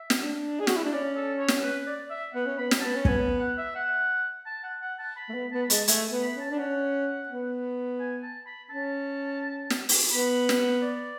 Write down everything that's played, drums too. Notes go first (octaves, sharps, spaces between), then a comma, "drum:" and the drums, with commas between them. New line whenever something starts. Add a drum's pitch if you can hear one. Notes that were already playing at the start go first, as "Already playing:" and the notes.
Already playing: E5
drum: snare
D4
G#4
F#4, drum: snare
E4
D4
C#4 D5
A4
C#5
drum: snare
B4
D5
E5
B3 F#5
C#4
B3 B5
C#4, drum: snare
B3 A5
C#4
B3 G#5, drum: kick
F#5
E5
F#5
A5
F#5
F#5
A5
B5
A3
B3
B3 A5
B5
G#3 A5, drum: hi-hat
A3 G#5, drum: hi-hat
B3
B5
C#4
A5
D4
C#4 F#5
B3
G#5
A5
B5
C#4 A5
drum: snare
drum: open hi-hat
B3 B5
drum: snare
D5